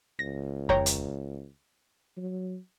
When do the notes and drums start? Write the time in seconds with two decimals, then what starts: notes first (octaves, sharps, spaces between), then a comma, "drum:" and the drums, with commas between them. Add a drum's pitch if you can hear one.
0.19 C#2 A#6
0.69 C#5 G5 A#5, drum: kick F2
0.86 drum: hi-hat
2.17 F#3